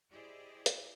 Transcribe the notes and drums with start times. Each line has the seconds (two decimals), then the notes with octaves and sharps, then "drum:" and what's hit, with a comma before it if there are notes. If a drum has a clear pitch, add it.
0.12 E4 G4 G#4 C5 D5 D#5
0.66 drum: hi-hat